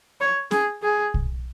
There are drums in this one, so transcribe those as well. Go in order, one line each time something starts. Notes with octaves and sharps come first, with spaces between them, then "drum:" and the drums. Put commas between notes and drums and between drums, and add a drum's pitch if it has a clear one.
C#5
G#4, drum: snare C#4
G#4
drum: kick